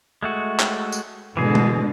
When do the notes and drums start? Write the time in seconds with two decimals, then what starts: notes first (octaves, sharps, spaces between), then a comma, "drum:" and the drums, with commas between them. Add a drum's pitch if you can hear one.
0.23 G#3 A3 F#4
0.60 drum: clap
0.92 drum: tambourine
1.37 G#2 B2 D3 E3 G#4
1.55 drum: tom G#3